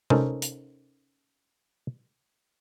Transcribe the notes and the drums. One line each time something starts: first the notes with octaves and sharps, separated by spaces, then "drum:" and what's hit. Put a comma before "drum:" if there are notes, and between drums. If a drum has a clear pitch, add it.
C#4 D#4 A4 A#4 C5, drum: tom C3
drum: hi-hat